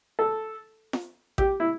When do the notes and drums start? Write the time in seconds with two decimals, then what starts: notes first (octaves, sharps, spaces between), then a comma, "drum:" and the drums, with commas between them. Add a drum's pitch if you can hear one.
0.19 A4
0.93 drum: snare
1.38 G4, drum: kick A1
1.60 E4